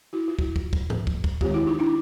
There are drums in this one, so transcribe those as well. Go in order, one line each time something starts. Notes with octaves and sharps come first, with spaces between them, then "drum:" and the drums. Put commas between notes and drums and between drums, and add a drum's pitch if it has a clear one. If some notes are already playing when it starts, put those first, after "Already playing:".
E4 F#4
F4
E4 F#4, drum: kick
drum: kick
drum: kick
drum: tom G#2
drum: kick
drum: kick
D#3 G#3 C4 F4 G4, drum: kick
E4 F#4
D#4 F4
D4 E4